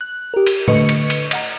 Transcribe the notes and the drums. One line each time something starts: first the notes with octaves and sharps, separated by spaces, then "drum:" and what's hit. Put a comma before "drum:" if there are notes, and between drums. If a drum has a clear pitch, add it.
F#6
G4 A#4
drum: cymbal
D3 A3 B4 D#5 C#6 C#7, drum: tom A2
drum: cymbal
drum: cymbal
D#5 F#5 A#5, drum: cymbal